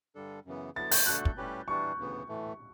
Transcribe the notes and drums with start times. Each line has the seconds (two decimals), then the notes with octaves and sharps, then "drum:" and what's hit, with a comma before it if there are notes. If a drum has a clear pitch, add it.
0.15 G2 D3 G3 D4 A4
0.45 F#2 C#3 E3 B3
0.76 D3 F#3 B3 E4 A6
0.91 G6, drum: open hi-hat
1.06 D3 A3 D4 F#4 A4 F#6
1.25 drum: kick
1.37 A2 G3 C#4 G4 B4
1.68 E3 G3 D4 C#6
1.98 D2 C#3 E3 B3
2.29 A2 E3 A3